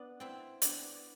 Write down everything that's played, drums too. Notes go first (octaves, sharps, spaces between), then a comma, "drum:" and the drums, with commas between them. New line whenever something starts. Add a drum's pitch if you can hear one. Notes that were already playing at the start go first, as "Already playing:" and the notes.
Already playing: B3 D4
C4 E4
B3 D4, drum: hi-hat